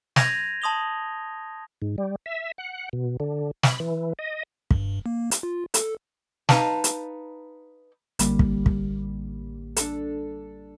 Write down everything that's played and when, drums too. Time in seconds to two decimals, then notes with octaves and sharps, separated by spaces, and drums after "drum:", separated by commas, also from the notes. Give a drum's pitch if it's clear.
0.16 C6 G6 G#6 A#6 D#7 F7, drum: snare
0.62 A5 C6 D#6 F7 G7
1.82 G#2
1.98 G3
2.26 E5
2.58 F#5
2.93 B2
3.20 D3
3.63 B5, drum: snare
3.80 E3
4.19 D#5
4.71 G2, drum: kick
5.06 A#3
5.31 drum: hi-hat
5.43 F4
5.74 A4, drum: hi-hat
6.49 D#4 B4 F5 A5, drum: snare
6.84 drum: hi-hat
8.19 A1 D3 G3 A#3, drum: hi-hat
8.39 drum: kick
8.66 drum: kick
9.77 D4 A4, drum: hi-hat